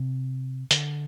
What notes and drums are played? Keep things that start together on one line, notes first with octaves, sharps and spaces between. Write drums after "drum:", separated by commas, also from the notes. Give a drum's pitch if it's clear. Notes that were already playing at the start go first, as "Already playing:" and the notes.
Already playing: C3
D3, drum: hi-hat